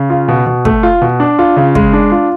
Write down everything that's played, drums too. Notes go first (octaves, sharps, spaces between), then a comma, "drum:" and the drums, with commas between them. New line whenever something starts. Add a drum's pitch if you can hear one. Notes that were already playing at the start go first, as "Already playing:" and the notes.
Already playing: C#3
F4
B2
B2
A3, drum: kick
F4
B2
D4
F4
C#3
G#3, drum: kick
D4
F4